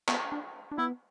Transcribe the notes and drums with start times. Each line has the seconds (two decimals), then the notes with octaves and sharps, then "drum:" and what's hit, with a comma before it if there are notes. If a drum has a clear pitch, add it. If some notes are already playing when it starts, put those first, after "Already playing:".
0.08 B3, drum: clap
0.32 D4
0.72 D4
0.78 B3 E4